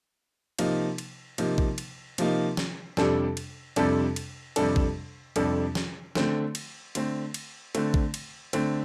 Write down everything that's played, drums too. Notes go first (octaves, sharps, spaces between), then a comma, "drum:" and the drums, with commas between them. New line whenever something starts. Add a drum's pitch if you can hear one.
C3 F3 A#3 D#4, drum: cymbal
drum: cymbal
C3 F3 A#3 D#4, drum: cymbal
drum: kick A#1
drum: cymbal
C3 F3 A#3 D#4, drum: cymbal
drum: snare
F2 C3 G3 D4 A4, drum: snare
drum: cymbal
F2 C3 G3 D4 A4, drum: cymbal
drum: cymbal
F2 C3 G3 D4 A4, drum: cymbal
drum: kick A#1
F2 C3 G3 D4 A4, drum: cymbal
drum: snare
D3 A3 C4, drum: snare
drum: cymbal
D3 A3 C4, drum: cymbal
drum: cymbal
D3 A3 C4, drum: cymbal
drum: kick A#1
drum: cymbal
D3 A3 C4, drum: cymbal